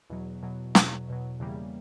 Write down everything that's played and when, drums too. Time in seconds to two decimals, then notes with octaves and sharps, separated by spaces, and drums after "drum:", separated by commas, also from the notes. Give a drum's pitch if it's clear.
0.10 E2 B2 F#3
0.43 E2 B2 F#3
0.75 E2 B2 F#3, drum: snare
1.08 E2 B2 F#3
1.40 E2 C#3 E3 G3 A#3